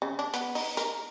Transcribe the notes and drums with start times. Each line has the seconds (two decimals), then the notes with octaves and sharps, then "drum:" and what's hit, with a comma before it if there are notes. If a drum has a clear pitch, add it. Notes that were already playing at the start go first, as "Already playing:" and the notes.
0.02 C#3
0.19 D4
0.34 B3, drum: hi-hat
0.55 D#4, drum: open hi-hat
0.77 A#4, drum: hi-hat